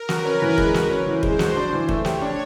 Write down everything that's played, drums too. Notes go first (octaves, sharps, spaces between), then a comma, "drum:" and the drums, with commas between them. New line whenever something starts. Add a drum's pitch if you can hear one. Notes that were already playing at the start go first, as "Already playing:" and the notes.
Already playing: A#4
F#4 B4, drum: snare
C#4
E3
G#3, drum: kick
F#4, drum: snare
C#4
E3 C5
G#3, drum: kick
F#4, drum: snare
D4
E3
A3, drum: kick
G4 C#5, drum: snare
D4